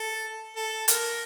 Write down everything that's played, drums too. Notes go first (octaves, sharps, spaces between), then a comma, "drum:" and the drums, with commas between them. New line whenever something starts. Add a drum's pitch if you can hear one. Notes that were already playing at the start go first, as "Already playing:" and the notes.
Already playing: A4
A4
A#4, drum: hi-hat